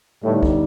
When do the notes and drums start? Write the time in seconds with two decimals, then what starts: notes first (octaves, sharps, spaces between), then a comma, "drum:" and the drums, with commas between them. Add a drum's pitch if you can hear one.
0.23 A2 D3 G3 B3 D#4
0.43 drum: kick